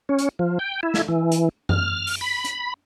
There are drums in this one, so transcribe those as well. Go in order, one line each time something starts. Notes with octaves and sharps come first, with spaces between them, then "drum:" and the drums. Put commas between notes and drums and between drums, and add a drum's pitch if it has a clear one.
C#4
drum: hi-hat
F3
G5
E4
drum: snare
E3
drum: hi-hat
F6, drum: tom F#2
drum: open hi-hat
B5
drum: hi-hat